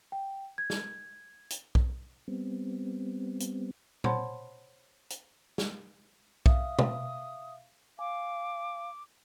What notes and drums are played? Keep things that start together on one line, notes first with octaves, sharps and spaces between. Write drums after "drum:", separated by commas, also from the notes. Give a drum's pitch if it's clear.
G5
G#6
drum: snare
drum: hi-hat
drum: kick B1
G3 B3 C4
drum: hi-hat
C5 C#5 F#5 A5 B5 C6, drum: tom A#2
drum: hi-hat
drum: snare
E5 F5 D#6, drum: kick B1
drum: tom B2
F5 G#5 D6